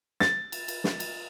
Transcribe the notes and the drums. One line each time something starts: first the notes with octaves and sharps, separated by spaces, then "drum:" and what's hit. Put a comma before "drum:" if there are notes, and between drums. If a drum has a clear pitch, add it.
A6, drum: snare
drum: cymbal
drum: cymbal
drum: snare
drum: cymbal